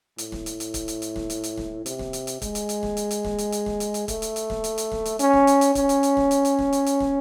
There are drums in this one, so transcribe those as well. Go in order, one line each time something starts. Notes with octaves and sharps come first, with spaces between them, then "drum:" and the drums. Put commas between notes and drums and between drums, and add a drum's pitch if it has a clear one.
A2, drum: hi-hat
drum: snare
drum: hi-hat
drum: hi-hat
drum: kick, hi-hat
drum: hi-hat
drum: hi-hat
drum: snare
drum: hi-hat
drum: hi-hat
drum: snare
C3, drum: hi-hat
drum: snare
drum: hi-hat
drum: hi-hat
G#3, drum: kick, hi-hat
drum: hi-hat
drum: hi-hat
drum: snare
drum: hi-hat
drum: hi-hat
drum: snare
drum: hi-hat
drum: hi-hat
drum: snare
drum: hi-hat
drum: hi-hat
A3, drum: kick, hi-hat
drum: hi-hat
drum: hi-hat
drum: snare
drum: hi-hat
drum: hi-hat
drum: snare
drum: hi-hat
C#4, drum: hi-hat
drum: snare
drum: hi-hat
drum: hi-hat
C#4, drum: kick, hi-hat
drum: hi-hat
drum: hi-hat
drum: snare
drum: hi-hat
drum: hi-hat
drum: snare
drum: hi-hat
drum: hi-hat
drum: snare